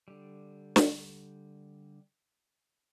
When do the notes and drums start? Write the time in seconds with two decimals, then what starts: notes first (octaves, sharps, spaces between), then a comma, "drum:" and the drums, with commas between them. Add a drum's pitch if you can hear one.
0.08 D3 G3
0.76 drum: snare